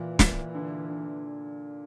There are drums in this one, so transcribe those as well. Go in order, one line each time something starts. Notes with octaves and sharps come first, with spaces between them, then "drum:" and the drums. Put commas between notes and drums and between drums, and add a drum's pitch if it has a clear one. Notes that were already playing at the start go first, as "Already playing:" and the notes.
Already playing: A#2 E3
A#2, drum: snare
D3
D3